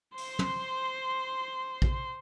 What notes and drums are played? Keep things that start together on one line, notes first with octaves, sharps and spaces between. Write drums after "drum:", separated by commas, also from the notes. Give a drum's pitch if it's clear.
C5 C6, drum: open hi-hat
drum: tom
drum: kick